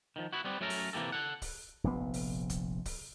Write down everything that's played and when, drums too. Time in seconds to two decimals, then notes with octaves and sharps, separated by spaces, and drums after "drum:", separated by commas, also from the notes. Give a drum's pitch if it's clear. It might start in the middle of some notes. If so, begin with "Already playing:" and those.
0.16 D#3 F3
0.33 B3 E4 F#4
0.44 G3 B3 C4 G4
0.61 F#3 A3 C#4 A4 A#4
0.70 drum: open hi-hat
0.93 C3 E3 A#3 G4 A4
1.12 A4 F#5
1.42 drum: kick, open hi-hat
1.84 F1 A#1 C3 B3
2.14 drum: open hi-hat
2.50 drum: kick, hi-hat
2.86 drum: kick, open hi-hat